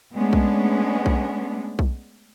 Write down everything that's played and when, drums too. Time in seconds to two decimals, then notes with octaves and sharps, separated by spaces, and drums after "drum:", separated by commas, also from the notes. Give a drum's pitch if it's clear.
0.15 G#3 A3 B3 C#4 D4
0.33 drum: kick B1
1.06 drum: kick B1
1.79 drum: kick B1